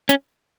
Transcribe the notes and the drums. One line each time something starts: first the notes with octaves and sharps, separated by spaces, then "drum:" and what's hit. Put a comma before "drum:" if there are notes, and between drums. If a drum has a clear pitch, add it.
C#4, drum: hi-hat